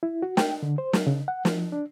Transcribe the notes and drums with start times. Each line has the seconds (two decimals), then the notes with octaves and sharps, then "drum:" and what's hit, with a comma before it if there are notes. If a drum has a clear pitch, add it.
0.03 E4
0.22 F#4
0.37 G5, drum: snare
0.63 D3
0.78 C5
0.93 F#3, drum: snare
1.07 C#3
1.28 F#5
1.45 F3, drum: snare
1.72 D4